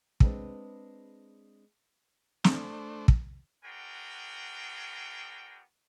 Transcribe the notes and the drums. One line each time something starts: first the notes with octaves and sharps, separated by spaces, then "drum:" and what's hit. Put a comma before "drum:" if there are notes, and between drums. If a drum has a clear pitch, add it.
G#3 C4 D4 B4, drum: kick
A3 D4 C5, drum: snare
drum: kick
B3 D4 F#4 G#4 A#4 G5